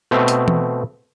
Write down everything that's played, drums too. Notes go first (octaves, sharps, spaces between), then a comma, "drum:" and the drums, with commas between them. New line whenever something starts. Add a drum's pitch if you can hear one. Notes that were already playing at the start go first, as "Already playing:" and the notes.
B2 A3 C4
drum: hi-hat
drum: tom E3